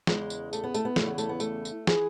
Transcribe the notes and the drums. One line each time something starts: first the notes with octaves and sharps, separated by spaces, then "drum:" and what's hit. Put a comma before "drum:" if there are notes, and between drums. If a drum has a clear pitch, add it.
E2 C#3 E3 G#3, drum: snare
drum: tambourine
A3, drum: tambourine
B3
A3, drum: tambourine
B3
E2 C#3 E3 A3, drum: snare
B3
A3, drum: tambourine
B3
A3, drum: tambourine
drum: tambourine
E3 G#4, drum: snare